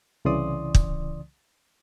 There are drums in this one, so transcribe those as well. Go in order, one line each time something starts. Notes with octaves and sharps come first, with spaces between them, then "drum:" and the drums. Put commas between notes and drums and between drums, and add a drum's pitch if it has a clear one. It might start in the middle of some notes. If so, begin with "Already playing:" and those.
C2 C#3 E3 D5 C6 D#6
drum: kick